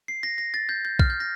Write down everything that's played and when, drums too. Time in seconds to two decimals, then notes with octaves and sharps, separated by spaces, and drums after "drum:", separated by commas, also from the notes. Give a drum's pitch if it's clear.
0.08 C7
0.23 A#6
0.38 A#6
0.54 A6
0.69 G6
0.85 G6
0.99 F6, drum: kick
1.10 G6
1.20 A#6